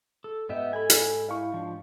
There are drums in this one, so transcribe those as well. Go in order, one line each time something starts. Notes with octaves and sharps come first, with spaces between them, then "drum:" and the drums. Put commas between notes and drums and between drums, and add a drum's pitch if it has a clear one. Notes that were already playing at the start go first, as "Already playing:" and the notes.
A4
G#2 B3 D#4 G4 D#5 E5
A4 G#5 B5
drum: hi-hat
E4 F5 C#6
F3 D4